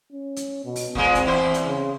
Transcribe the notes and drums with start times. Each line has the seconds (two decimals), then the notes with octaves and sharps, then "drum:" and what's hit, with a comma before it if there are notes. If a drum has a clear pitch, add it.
0.11 C#4
0.36 drum: hi-hat
0.65 B2
0.76 drum: open hi-hat
0.95 A#2 G#3 C4, drum: kick
1.15 drum: kick, hi-hat
1.26 E2 E4 C5
1.54 drum: hi-hat
1.66 C#3